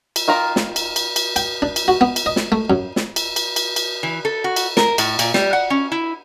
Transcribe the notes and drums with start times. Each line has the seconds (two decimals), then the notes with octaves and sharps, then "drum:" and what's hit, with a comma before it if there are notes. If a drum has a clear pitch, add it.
0.16 drum: cymbal
0.28 D#3 F4 A#4 A#5
0.56 drum: snare
0.76 drum: cymbal
0.96 drum: cymbal
1.16 drum: cymbal
1.36 G5, drum: cymbal
1.62 D4
1.76 drum: cymbal
1.88 F#4
2.01 B3
2.16 drum: cymbal
2.26 D#5
2.36 drum: snare
2.52 A3
2.70 F#2
2.96 drum: snare
3.16 drum: cymbal
3.36 drum: cymbal
3.56 drum: cymbal
3.76 drum: cymbal
4.03 E3
4.25 A4
4.44 F#4
4.56 drum: cymbal
4.77 A#4, drum: snare
4.98 A2, drum: cymbal
5.19 A#2, drum: cymbal
5.34 G3, drum: snare
5.53 F#5
5.70 C#4
5.92 E4